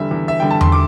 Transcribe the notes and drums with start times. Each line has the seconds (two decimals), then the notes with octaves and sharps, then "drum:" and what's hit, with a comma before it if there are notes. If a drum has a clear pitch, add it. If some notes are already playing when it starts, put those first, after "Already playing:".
Already playing: E2 D3 G3 E5
0.11 E2
0.28 E5
0.40 D3 G3 G5
0.51 A5
0.61 C6, drum: tom E2
0.72 D6